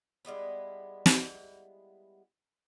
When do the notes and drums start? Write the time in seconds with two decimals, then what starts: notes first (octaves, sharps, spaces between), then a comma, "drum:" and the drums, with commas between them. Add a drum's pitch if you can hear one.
0.25 G3 G#3 B3 E4
1.06 drum: snare